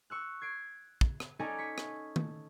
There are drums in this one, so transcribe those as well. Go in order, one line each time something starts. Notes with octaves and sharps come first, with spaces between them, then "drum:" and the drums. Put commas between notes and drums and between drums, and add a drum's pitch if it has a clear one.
C#6 E6 F#6
G#6 C7 D7
drum: kick
drum: rim click
C#4 D#4 A4 D5 G#5 A#5
C#6 B6
drum: rim click
drum: tom D#3